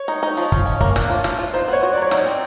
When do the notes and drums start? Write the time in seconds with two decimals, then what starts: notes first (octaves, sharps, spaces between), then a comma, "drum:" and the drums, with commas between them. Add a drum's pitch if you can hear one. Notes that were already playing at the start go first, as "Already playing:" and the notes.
Already playing: C#5
0.08 D#4
0.23 D#4
0.37 F3
0.52 C#4, drum: kick
0.66 C#4
0.81 A#3, drum: kick
0.96 D4, drum: snare
1.10 F4
1.24 F4, drum: snare
1.39 F4
1.54 D#4 C5
1.68 B3 C#5
1.83 F#4
1.93 F#3 D5
2.02 C#5
2.11 D#4 D5, drum: snare
2.26 C4